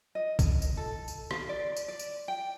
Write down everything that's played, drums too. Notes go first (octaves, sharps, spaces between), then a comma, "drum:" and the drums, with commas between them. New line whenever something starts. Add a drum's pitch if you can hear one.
D#5
drum: kick, tambourine
drum: tambourine
A4
drum: tambourine
F5, drum: rim click
D5
drum: tambourine
D5
drum: tambourine
G5